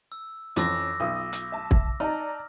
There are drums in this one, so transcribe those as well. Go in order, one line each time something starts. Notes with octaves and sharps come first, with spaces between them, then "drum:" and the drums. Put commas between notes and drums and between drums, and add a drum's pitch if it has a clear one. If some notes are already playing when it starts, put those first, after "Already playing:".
E6
F2 E3 F3 C#4 D6 E6 A#6, drum: hi-hat
B1 F4 D#6
drum: hi-hat
E5 A5
drum: kick
D#4 D5 A5 A#5 F6